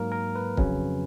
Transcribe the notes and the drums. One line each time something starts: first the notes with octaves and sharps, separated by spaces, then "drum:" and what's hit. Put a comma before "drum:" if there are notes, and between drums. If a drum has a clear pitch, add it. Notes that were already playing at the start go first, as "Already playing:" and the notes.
Already playing: G#2 F#3 A#3 A#4
A#4
B4
F2 C#3 F#3 C#4, drum: kick